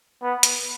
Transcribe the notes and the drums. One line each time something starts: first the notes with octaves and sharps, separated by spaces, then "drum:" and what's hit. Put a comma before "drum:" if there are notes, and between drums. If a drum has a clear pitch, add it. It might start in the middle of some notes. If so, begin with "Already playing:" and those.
B3
drum: hi-hat